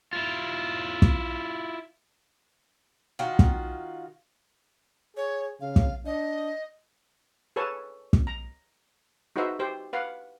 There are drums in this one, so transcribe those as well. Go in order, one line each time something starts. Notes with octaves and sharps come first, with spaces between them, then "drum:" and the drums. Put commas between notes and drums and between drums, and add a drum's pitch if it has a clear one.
E4 F4
drum: kick
D#3 F4 F#4
drum: kick
G#4 C#5
C#3 F5
drum: kick
D4 D#5
G#4 A4 B4 C#5 G#5 A5
drum: kick
A#5
D#4 F#4 G#4 B4 C5 E5
G4 C5
B4 F5 F#5